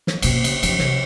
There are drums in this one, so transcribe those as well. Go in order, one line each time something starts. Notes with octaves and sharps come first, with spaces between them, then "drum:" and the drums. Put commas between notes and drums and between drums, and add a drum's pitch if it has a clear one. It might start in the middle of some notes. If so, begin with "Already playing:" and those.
drum: snare
B2 A#3, drum: cymbal
C#3, drum: cymbal
D#3 F3, drum: cymbal
C3 E3, drum: snare